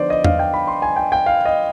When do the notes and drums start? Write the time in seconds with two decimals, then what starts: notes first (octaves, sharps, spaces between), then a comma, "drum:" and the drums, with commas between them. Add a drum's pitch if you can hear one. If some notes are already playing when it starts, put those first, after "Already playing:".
Already playing: D3 F3 B3 D#4 C5 D5
0.10 D#5
0.24 F5, drum: tom E2
0.39 G5
0.54 B5
0.67 C6
0.82 G#5
0.96 G5
1.12 G5
1.26 F5
1.45 D#5